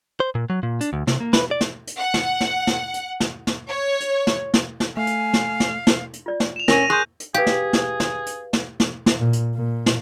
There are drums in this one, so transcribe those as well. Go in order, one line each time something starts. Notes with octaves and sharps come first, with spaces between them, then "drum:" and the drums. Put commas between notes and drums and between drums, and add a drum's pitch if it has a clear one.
C5
A#2
F#3
A#2
D4, drum: hi-hat
D2
C3, drum: snare
A#3
B4, drum: snare
D5
drum: snare
drum: hi-hat
F#5
drum: snare
drum: snare
drum: snare
drum: hi-hat
drum: snare
drum: snare
C#5
drum: hi-hat
drum: snare
drum: snare
drum: snare
A3 F5 G#5
drum: hi-hat
drum: snare
drum: snare
drum: snare
drum: hi-hat
F4 D5
drum: snare
E7 F7
C#4 A#4 G#5 C#6 A#6 D#7, drum: snare
G#4 C6 C#6 F#6 G6
drum: hi-hat
G4 G#4 B4 F5
drum: snare
drum: snare
drum: snare
drum: hi-hat
drum: snare
drum: snare
drum: snare
A#2
drum: hi-hat
A#2
drum: snare